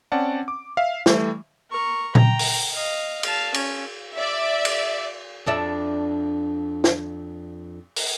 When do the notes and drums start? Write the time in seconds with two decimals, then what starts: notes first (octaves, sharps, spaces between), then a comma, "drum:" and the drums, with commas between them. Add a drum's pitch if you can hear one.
0.12 C4 C#4 D5 F#5 A5
0.48 D6
0.77 E5 F5
1.06 E3 G3 A3, drum: snare
1.70 A#4 C#6
2.15 G5 A#5, drum: tom A#2
2.39 drum: open hi-hat
2.74 D#5 F5
3.23 F5 A5, drum: cymbal
3.54 C#4, drum: cymbal
4.15 D5 E5
4.65 drum: cymbal
5.46 F2 D4 E5
6.84 drum: snare
7.96 drum: open hi-hat